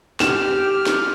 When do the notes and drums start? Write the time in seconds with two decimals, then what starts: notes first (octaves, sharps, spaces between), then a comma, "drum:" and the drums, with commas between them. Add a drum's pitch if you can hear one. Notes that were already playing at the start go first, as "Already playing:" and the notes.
0.20 G4 F6 E7, drum: snare
0.86 drum: snare